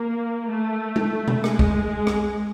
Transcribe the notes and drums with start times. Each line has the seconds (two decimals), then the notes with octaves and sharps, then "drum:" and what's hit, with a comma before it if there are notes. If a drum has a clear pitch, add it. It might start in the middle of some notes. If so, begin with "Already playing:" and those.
Already playing: A#3
0.48 A3
0.96 drum: tom G#3
1.28 drum: tom B2
1.44 G#3, drum: rim click
1.59 drum: kick
2.07 drum: rim click